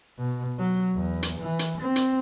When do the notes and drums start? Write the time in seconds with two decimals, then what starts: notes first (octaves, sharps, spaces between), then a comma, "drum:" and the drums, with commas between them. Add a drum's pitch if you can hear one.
0.18 B2
0.59 F#3
0.95 E2
1.23 drum: hi-hat
1.41 E3
1.59 drum: hi-hat
1.81 C4
1.96 drum: hi-hat